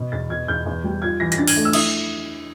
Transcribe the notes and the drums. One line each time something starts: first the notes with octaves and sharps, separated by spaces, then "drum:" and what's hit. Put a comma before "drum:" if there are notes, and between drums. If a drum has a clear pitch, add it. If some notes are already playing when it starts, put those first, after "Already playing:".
Already playing: B2
E2 A6
B2 G#6
E2 G6
E2
G3
F4 G#6
E3 A#6
A#6, drum: hi-hat
D4 A6
G#6, drum: open hi-hat
A3
E6
E4 D#6, drum: cymbal